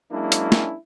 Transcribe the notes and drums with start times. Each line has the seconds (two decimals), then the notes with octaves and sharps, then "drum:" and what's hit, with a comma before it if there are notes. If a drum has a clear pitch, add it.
0.12 F#3 G#3 A#3 C#4 D4 E4
0.32 drum: hi-hat
0.52 drum: snare